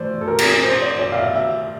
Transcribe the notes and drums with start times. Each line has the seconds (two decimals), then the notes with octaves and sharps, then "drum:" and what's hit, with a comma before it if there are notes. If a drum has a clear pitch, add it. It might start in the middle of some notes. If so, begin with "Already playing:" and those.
Already playing: E3 A3 C5 D5
0.21 A4
0.28 A#4
0.39 drum: cymbal
0.64 C5
0.82 D5
0.99 D5
1.12 F5
1.18 E5
1.36 E5